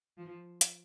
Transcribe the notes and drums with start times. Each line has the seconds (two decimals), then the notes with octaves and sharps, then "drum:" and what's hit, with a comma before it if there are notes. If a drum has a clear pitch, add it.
0.17 F3
0.61 drum: hi-hat